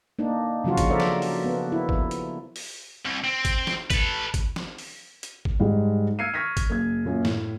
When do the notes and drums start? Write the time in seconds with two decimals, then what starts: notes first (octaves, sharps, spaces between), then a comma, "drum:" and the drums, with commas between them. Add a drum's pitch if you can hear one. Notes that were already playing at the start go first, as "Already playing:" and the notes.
0.19 A#3 D4 D#4
0.64 C#3 F3 F#3 F4 F#4
0.78 drum: kick, hi-hat
0.90 A4 A#4 C5 D5 E5
1.00 drum: snare
1.22 drum: open hi-hat
1.44 B3
1.72 E4
1.89 drum: kick
2.11 drum: hi-hat
2.56 drum: open hi-hat
3.05 C2
3.24 C4
3.45 drum: kick, hi-hat
3.67 drum: snare
3.90 A4 B4, drum: kick, hi-hat
4.34 drum: kick, hi-hat
4.56 drum: snare
4.78 drum: open hi-hat
5.23 drum: hi-hat
5.45 drum: kick
5.59 G#2 G3 G#3 D#4
6.19 E6 F6 G#6 C7 C#7 D#7
6.34 C#6 F6 G#6 A#6 B6 D#7
6.57 drum: kick, hi-hat
6.70 F#1 G#6
7.05 F#2 A#2
7.25 A2, drum: snare